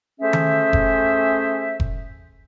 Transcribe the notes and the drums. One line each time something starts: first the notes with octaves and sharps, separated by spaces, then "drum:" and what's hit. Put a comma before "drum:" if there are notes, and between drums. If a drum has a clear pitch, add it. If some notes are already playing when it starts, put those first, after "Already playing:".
A3 C#4 G#4 C5 E5
drum: tom D#3
drum: kick F1
drum: kick F1